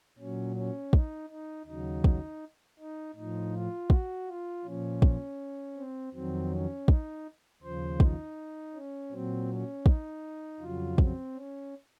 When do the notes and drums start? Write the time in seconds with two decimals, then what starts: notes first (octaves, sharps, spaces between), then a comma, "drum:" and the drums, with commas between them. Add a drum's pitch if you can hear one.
0.18 A#2 F#3 C#4
0.56 C#4
0.93 D#4, drum: kick
1.30 D#4
1.66 D#2 C#3 F#3 D#4
2.04 drum: kick
2.79 D#4
3.15 A2 F3 D#4
3.54 F4
3.90 F#4, drum: kick
4.27 F4
4.64 A#2 F3 C#4
5.02 drum: kick
5.76 C4
6.13 F2 D#3 F#3 C4
6.51 C#4
6.88 D#4, drum: kick
7.63 D#2 C#3 F3 C5
8.00 D#4, drum: kick
8.75 C#4
9.11 A#2 F#3 C4
9.49 C#4
9.86 D#4, drum: kick
10.61 F2 C#3 F#3 F4
10.98 C4, drum: kick
11.35 C#4